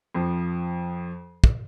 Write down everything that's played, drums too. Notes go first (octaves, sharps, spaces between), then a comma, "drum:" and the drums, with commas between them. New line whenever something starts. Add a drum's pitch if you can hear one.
F2 F3
drum: kick